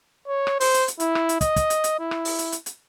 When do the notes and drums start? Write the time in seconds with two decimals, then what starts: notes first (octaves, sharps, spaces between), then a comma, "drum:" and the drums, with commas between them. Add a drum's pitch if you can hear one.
0.28 C#5
0.47 drum: rim click
0.60 C5, drum: open hi-hat
0.74 drum: hi-hat
0.88 drum: hi-hat
1.00 E4, drum: hi-hat
1.15 drum: rim click
1.29 drum: hi-hat
1.41 D#5, drum: kick, hi-hat
1.56 drum: kick, hi-hat
1.70 drum: hi-hat
1.84 drum: hi-hat
2.00 E4
2.11 drum: rim click
2.25 drum: open hi-hat
2.39 drum: hi-hat
2.52 drum: hi-hat
2.66 drum: hi-hat